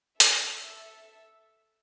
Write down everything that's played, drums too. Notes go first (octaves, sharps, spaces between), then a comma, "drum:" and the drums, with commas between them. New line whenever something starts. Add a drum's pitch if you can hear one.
A4 E5, drum: hi-hat